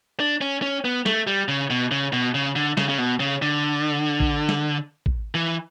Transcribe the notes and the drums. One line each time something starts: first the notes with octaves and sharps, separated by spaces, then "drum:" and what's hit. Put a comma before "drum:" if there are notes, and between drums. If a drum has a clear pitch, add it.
D4
C#4
C#4
B3
A3, drum: snare
G3
C#3
B2
C#3
B2
C#3
D3
C#3, drum: snare
C#3
B2
C#3
D3
drum: kick
drum: snare
drum: kick
E3